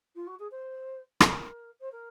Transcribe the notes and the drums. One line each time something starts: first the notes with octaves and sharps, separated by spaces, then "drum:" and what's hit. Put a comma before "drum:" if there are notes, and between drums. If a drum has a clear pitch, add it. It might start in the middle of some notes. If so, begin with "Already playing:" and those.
F4
F#4
G#4
C5
A#4, drum: rim click
C5
A#4